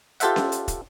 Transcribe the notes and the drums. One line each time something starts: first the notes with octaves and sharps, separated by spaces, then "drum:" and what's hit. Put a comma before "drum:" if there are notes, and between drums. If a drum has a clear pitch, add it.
F4 G4 A4 C5 E5 F#5, drum: hi-hat
drum: snare C#4
drum: hi-hat
drum: kick, hi-hat